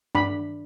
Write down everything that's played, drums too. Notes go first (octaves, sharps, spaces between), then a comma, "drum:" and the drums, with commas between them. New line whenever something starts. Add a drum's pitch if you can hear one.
D4 B5, drum: tom G2